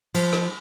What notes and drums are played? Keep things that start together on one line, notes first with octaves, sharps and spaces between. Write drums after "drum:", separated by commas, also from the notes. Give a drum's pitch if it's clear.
F3, drum: cymbal
drum: rim click